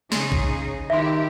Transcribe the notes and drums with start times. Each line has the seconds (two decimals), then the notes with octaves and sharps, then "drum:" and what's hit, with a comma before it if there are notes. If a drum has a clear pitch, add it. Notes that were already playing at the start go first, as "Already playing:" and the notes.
0.12 C#3 D#4 G#4 C6, drum: snare
0.32 drum: kick
0.90 D#3 E4 G4 E5 C6